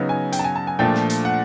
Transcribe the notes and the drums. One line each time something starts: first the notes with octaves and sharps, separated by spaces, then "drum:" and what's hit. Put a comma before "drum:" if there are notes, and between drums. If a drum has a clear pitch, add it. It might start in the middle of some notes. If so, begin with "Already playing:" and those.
Already playing: C#3 F#3 B3 D#4
G#5
G5, drum: hi-hat
A5
G#5
A5
G#5
A#2 F3 A3 D4 G5
drum: snare
drum: hi-hat
F#5